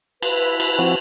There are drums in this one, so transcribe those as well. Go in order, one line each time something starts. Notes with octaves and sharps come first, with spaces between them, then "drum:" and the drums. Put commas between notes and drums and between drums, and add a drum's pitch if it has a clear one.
E4 B4, drum: cymbal
drum: cymbal
F3 C4 F#4